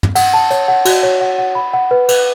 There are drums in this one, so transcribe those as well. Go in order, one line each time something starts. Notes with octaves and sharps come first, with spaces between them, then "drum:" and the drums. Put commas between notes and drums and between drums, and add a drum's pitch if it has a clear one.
drum: tom
F#5, drum: cymbal
A5
C#5, drum: hi-hat
F#5
F#4, drum: cymbal
C#5
F#5
F#5
B5
F#5
B4
B4, drum: cymbal